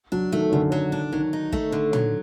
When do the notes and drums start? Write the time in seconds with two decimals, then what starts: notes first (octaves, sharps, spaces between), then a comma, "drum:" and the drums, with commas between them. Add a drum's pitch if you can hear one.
0.12 F#3 D4
0.32 D#3 A3
0.52 F#2 D3
0.72 F#3
0.92 D4
1.12 D#3 F#3
1.33 D#4
1.53 A3, drum: kick
1.72 D3
1.93 F#3, drum: tom